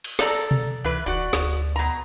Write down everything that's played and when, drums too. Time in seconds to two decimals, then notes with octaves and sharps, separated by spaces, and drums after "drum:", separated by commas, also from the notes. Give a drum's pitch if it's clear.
0.04 drum: cymbal
0.19 A4 D5 A#5, drum: snare
0.51 drum: tom B2
0.84 C#2 E3 B4
1.06 D#1 F#4 D5
1.33 D2, drum: snare
1.76 B2 A#5